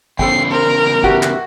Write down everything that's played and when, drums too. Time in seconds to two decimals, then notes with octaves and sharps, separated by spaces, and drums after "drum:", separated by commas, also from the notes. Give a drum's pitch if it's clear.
0.19 E2 C#3 A4 C5 G5 C7, drum: kick
0.51 A#4 C5
1.04 E4 F#4 G4 B4, drum: kick
1.23 drum: clap